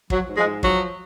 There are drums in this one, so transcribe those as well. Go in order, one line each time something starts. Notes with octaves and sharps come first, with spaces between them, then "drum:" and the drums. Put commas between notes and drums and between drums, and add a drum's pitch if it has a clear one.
F3 F#3, drum: kick
G#2
F3 G#3
G#2
F3 F#3, drum: kick